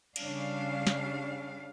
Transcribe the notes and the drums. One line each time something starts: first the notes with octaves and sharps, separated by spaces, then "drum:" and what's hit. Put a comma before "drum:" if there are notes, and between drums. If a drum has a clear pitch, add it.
C#3 G3 D4 F5, drum: cymbal
drum: snare